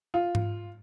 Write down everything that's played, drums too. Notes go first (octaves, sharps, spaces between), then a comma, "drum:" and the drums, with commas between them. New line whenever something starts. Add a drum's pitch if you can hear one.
F4
drum: tom G#2